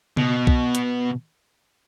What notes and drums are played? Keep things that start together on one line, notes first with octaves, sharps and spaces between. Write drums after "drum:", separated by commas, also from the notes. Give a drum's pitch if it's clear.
B2, drum: tom C#3
drum: kick B1
drum: hi-hat